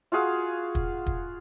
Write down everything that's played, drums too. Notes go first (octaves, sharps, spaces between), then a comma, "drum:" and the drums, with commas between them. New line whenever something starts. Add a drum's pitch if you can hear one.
F4 F#4 G#4 F5
drum: kick
drum: kick